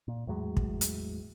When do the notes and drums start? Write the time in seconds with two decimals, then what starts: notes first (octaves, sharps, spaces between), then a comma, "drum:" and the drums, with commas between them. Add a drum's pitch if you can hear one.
0.08 A#2
0.27 E2 A2 F#3 G#3
0.57 drum: kick
0.81 drum: hi-hat